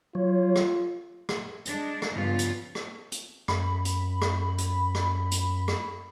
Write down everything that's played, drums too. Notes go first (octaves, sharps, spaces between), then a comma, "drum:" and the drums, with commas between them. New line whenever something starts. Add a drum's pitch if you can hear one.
F#3 F4 C#5
drum: rim click
drum: rim click
G#3 D4, drum: hi-hat
drum: rim click
G2 C#3 F3 B3 F4
drum: hi-hat
drum: rim click
drum: hi-hat
F#2 B5, drum: rim click
drum: hi-hat
drum: rim click
drum: hi-hat
drum: rim click
drum: hi-hat
drum: rim click